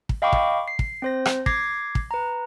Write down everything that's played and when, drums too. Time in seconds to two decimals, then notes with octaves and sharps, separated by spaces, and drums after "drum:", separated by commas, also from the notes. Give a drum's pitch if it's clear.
0.09 drum: kick
0.22 D#5 F5 G5 B5 C#6 D6
0.33 drum: kick
0.68 C7
0.79 drum: kick
1.02 C4 C5 A#6
1.25 drum: rim click
1.46 D6 G#6 A#6 C7, drum: kick
1.95 drum: kick
2.11 B4 A#5